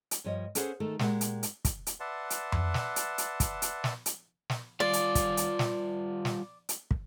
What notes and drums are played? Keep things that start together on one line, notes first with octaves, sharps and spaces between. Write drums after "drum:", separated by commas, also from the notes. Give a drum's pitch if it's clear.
drum: hi-hat
G2 F3 C#5 D#5
C#4 G#4 A4 B4 C5 F#5, drum: hi-hat
D#3 A3 A4
A#2 G#3 G4 A#4 F#5, drum: snare
drum: hi-hat
drum: hi-hat
drum: kick, hi-hat
drum: hi-hat
B4 D5 E5 F#5 A5 C6
drum: hi-hat
drum: tom F2
drum: snare
drum: hi-hat
drum: hi-hat
drum: kick, hi-hat
drum: hi-hat
drum: snare
drum: hi-hat
drum: snare
G3 F4 D5 F5
drum: hi-hat
drum: kick, hi-hat
drum: hi-hat
drum: snare
drum: snare
drum: hi-hat
drum: kick